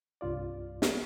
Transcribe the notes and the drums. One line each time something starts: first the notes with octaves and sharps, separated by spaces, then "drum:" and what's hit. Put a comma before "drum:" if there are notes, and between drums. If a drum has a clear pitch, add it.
C2 G2 F4 D5
drum: snare